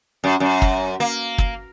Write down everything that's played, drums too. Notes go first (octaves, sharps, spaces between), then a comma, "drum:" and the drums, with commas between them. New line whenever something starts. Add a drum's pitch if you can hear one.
F#2
F#2
drum: kick
A#3
drum: kick